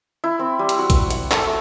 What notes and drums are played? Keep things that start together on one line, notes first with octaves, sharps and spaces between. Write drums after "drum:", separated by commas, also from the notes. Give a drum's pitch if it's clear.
E4
C4
G3
drum: hi-hat
F#4
drum: kick A1, hi-hat
F#5, drum: hi-hat
A4, drum: clap
A3